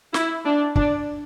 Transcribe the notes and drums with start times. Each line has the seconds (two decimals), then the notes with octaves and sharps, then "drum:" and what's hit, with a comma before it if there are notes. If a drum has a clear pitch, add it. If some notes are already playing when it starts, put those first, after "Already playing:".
0.14 E4, drum: snare
0.45 D4
0.76 D4, drum: kick